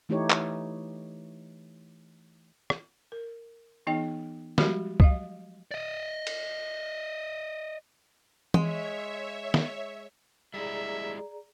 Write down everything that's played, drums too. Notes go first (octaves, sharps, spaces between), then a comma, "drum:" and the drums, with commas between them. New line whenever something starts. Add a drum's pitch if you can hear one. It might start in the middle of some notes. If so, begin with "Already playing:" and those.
E3 A3 D#4 E4 G4 C#5
drum: clap
drum: rim click
A#4
E3 B3 D#4 G#4 D#5 G5
F3 G3 G#3 F#4 G4 B5, drum: snare
F#3 D#5 F5, drum: kick
D5 D#5
drum: cymbal
G#3 C#5 E5, drum: tom E3
drum: snare
G3 G#3 E4 G#4 D5 E5 A#5